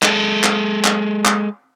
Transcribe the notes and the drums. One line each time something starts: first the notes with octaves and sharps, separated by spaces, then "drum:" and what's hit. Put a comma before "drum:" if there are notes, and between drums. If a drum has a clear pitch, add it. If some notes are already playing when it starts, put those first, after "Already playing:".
G#3 A4, drum: clap
drum: clap
drum: clap
drum: clap